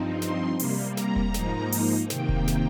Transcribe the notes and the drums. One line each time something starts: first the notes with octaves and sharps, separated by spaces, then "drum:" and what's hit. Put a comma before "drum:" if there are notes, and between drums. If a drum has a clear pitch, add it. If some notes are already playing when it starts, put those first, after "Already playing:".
Already playing: G2 F3 C4 D#4
C6, drum: snare
C3 G3 A#3, drum: open hi-hat
A#5, drum: snare
drum: kick E1
G#2 F3 A#3 D#4, drum: snare
drum: open hi-hat
C3 D#3 A#3 G5, drum: snare
drum: kick E1
drum: snare